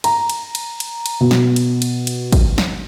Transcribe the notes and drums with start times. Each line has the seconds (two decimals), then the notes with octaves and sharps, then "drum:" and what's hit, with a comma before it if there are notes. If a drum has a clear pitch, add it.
0.04 A#5, drum: cymbal
0.29 drum: cymbal
0.55 drum: cymbal
0.80 drum: cymbal
1.06 drum: cymbal
1.20 B2
1.31 drum: snare
1.56 drum: cymbal
1.82 drum: cymbal
2.07 drum: cymbal
2.32 drum: kick, cymbal
2.58 drum: snare